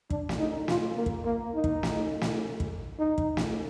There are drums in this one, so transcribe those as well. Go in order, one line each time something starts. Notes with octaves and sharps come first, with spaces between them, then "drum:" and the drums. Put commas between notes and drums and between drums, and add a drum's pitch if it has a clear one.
D4, drum: kick
drum: snare
D#4
F4, drum: snare
A#3
drum: kick
A#3
D#4
drum: kick
drum: snare
drum: snare
drum: kick
D#4
drum: kick
drum: snare